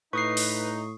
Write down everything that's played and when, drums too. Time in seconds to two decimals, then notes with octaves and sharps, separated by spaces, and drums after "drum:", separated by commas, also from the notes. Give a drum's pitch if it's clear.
0.13 A2 D#4 B4 C#6 D#6 C7
0.37 drum: open hi-hat